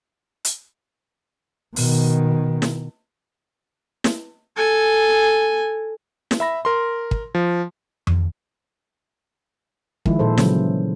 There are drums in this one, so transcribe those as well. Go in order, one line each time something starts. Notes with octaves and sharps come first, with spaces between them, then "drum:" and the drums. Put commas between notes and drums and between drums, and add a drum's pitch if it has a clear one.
drum: hi-hat
B2 D#3, drum: open hi-hat
drum: snare
drum: snare
A4 G#5
drum: snare
E5 B5 A#6
A#4 C6
drum: kick
F3
drum: tom F2
D#3 F3 G#3 E4, drum: kick
A#2 A4 C5
C#3 E3 F#3, drum: snare